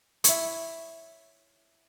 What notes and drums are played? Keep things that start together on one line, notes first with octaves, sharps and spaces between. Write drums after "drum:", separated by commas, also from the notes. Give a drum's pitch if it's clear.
E4 C#5, drum: hi-hat